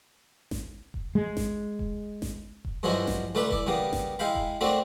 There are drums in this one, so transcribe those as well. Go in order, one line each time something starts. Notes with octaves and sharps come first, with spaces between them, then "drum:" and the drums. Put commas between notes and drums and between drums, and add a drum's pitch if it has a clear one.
drum: snare G#1
drum: kick E1
G#3
drum: snare G#1
drum: kick E1
drum: snare G#1
drum: kick E1
G2 F3 F#3 G#3 E4 F#4
drum: snare G#1
C#2 A3 A4 B4 D5 B5
E4 D5, drum: kick E1
C#3 G3 A#3 B3
drum: snare G#1
G#3 E4 F5 G5 B5
drum: kick E1
A3 A#3 C4 D4 F#4 D5